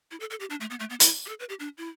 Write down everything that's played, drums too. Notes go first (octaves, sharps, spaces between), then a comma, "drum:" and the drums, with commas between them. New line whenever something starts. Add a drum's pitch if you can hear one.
E4
A4
A4
G4
D4
A3
B3
A3
B3
E4, drum: hi-hat
G4
A4
B4
G4
D4
E4